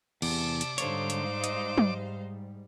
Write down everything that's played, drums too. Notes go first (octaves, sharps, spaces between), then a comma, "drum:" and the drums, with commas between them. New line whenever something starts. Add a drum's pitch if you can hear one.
E2 C3 D5 A5 D6, drum: cymbal
drum: hi-hat
G#2 D3 G3 D#4 A4 C5 C#5 F5, drum: hi-hat
drum: hi-hat
D#5, drum: hi-hat
drum: tom